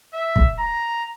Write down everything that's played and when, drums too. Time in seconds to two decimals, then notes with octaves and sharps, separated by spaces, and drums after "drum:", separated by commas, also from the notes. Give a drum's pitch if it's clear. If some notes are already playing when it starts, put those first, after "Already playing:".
0.14 E5
0.36 drum: kick
0.59 A#5